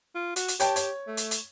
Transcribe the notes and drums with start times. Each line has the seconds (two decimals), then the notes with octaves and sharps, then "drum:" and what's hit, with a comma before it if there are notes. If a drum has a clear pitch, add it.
0.15 F4
0.36 F#4, drum: hi-hat
0.48 drum: hi-hat
0.60 G4 C#5 G5 A5, drum: hi-hat
0.76 C#5, drum: hi-hat
1.07 A3
1.17 drum: hi-hat
1.31 drum: hi-hat